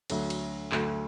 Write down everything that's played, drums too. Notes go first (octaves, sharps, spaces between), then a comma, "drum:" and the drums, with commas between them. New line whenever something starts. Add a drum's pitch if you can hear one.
D2 D3 F#3 A3, drum: cymbal
drum: cymbal
D2 D3 F#3 A3, drum: clap